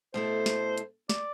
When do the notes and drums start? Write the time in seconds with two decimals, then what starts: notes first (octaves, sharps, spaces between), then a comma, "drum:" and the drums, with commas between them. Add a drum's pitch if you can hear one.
0.14 B2 A3 E4 A4 C5
0.46 drum: snare
0.78 drum: hi-hat
1.09 D5, drum: snare